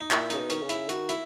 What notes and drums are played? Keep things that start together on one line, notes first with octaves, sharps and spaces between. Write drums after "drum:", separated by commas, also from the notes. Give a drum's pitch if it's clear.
D#4
A#2 E4, drum: clap
C#3 D#4, drum: hi-hat
B2
D#3 C#4, drum: hi-hat
C#3
E4, drum: hi-hat
D#3 F#4, drum: hi-hat
E4, drum: hi-hat